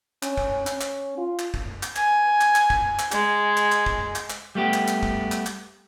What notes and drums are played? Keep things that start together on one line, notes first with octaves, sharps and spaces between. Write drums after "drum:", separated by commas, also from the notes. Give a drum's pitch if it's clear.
C#4, drum: clap
drum: kick
C#4, drum: clap
drum: clap
F4
drum: clap
drum: kick
drum: clap
G#5, drum: clap
drum: clap
drum: clap
drum: kick
drum: clap
G#3, drum: clap
drum: clap
drum: clap
drum: kick
drum: clap
drum: clap
G3 A3 B3 G4
drum: clap
drum: clap
drum: kick
drum: clap
drum: clap